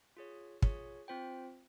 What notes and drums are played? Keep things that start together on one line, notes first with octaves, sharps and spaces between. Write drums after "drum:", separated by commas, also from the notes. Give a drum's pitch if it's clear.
F4 G#4 C#5
F4 G#4 C#5, drum: kick
C4 F4 C5 G5